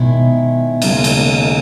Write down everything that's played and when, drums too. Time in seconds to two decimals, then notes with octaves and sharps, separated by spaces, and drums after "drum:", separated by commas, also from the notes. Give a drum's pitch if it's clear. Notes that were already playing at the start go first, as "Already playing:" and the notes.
Already playing: B2 D#3 G#3 C#4 E4
0.82 D#2 C#3 G#3 C#4, drum: cymbal
1.04 drum: cymbal